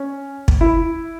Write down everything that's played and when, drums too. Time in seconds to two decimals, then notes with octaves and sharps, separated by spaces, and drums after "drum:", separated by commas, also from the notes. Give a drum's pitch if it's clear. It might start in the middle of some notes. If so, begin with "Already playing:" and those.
Already playing: C#4
0.48 drum: kick
0.61 E4